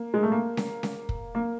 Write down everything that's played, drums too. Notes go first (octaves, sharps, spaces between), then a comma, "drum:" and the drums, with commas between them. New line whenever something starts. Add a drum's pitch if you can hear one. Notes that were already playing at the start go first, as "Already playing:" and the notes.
Already playing: A#3
G#3
A3
A#3
drum: snare C#4
drum: snare C#4
drum: kick
A#3